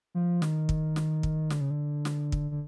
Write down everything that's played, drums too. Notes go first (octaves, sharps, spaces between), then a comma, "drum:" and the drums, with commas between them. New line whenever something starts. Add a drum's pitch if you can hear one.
F3
D#3, drum: snare
drum: kick
drum: snare
drum: kick
D3, drum: snare
C#3
D3
drum: snare
drum: kick
D3